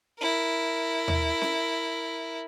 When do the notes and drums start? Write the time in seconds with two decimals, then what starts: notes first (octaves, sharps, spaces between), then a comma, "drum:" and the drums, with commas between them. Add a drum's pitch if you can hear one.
0.18 E4 A#4
1.08 drum: tom D#2
1.41 drum: snare C#4